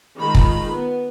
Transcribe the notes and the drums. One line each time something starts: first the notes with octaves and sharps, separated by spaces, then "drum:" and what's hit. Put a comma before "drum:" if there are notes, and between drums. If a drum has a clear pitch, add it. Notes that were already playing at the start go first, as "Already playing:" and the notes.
D#3 G#3 F4 B5
drum: kick
B3